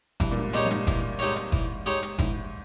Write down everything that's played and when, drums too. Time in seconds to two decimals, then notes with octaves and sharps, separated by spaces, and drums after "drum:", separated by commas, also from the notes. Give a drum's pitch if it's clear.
0.20 G2 E3, drum: kick F#1, hi-hat
0.31 A#2
0.37 G#2
0.53 A#2 G#3 D#4 G4 C#5, drum: hi-hat
0.65 G2
0.70 G#2, drum: hi-hat
0.87 E3, drum: kick F#1, hi-hat
1.19 G#3 D#4 G4 C#5, drum: hi-hat
1.36 drum: hi-hat
1.52 E3, drum: kick F#1
1.86 G#3 D#4 G4 C#5
2.02 drum: hi-hat
2.18 G#2 E3, drum: kick F#1, hi-hat